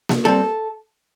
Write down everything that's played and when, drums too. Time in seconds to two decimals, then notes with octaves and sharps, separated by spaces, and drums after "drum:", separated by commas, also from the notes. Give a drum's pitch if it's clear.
0.09 drum: snare A#3
0.25 G3 C4 A4